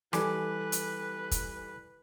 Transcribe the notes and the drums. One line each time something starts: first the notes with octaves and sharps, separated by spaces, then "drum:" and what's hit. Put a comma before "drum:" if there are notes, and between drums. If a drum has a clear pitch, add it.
E3 G3 A4 B4 G#5 D6, drum: rim click
drum: hi-hat
drum: kick, hi-hat